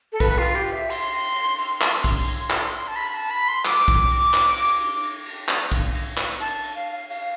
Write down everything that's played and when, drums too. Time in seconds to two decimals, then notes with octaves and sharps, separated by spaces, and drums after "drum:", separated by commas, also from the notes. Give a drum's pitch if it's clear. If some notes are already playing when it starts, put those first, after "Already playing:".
0.12 A4
0.20 B4, drum: kick, cymbal
0.38 F4
0.55 G4
0.73 E5
0.90 C6, drum: cymbal
1.13 drum: cymbal
1.36 drum: cymbal
1.58 C6, drum: cymbal
1.81 drum: clap
2.04 drum: kick, cymbal
2.27 drum: cymbal
2.50 drum: clap
2.88 A5
2.96 B5, drum: cymbal
3.14 A5
3.30 B5
3.48 C6
3.65 D6, drum: clap
3.88 drum: kick, cymbal
4.11 drum: cymbal
4.34 drum: clap
4.57 drum: cymbal
4.80 drum: cymbal
5.03 drum: cymbal
5.26 drum: cymbal
5.49 drum: clap
5.72 drum: kick, cymbal
5.95 drum: cymbal
6.18 drum: clap
6.40 A5, drum: cymbal
6.63 drum: cymbal
6.75 F5
6.93 F5
7.10 F5, drum: cymbal